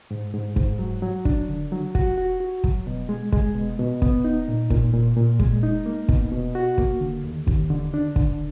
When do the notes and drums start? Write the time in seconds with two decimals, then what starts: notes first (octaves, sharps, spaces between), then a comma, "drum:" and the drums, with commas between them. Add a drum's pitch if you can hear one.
0.11 G#2
0.34 G#2
0.56 G#2, drum: kick
0.79 F#3
1.02 F#3
1.25 D4, drum: kick
1.49 D3
1.72 F#3
1.95 F#4, drum: kick
2.18 F#4
2.40 F#4
2.64 F#3, drum: kick
2.87 B2
3.09 G#3
3.32 G#3, drum: kick
3.55 B2
3.79 B2
4.02 B3, drum: kick
4.24 D#4
4.48 A#2
4.70 A#2, drum: kick
4.94 A#2
5.17 A#2
5.40 G#3, drum: kick
5.63 D#4
5.86 A#3
6.09 B2, drum: kick
6.32 B2
6.55 F#4
6.78 A#3, drum: kick
7.01 D3
7.24 D#2
7.47 D#2, drum: kick
7.70 D3
7.94 D4
8.16 D3, drum: kick